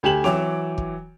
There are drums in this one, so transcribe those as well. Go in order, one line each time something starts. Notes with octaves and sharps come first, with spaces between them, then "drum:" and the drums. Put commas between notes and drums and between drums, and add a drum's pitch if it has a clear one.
D2 G4 G#5 E7 F#7
E3 F#3 C#5 G5 D6 F7, drum: snare C4
drum: kick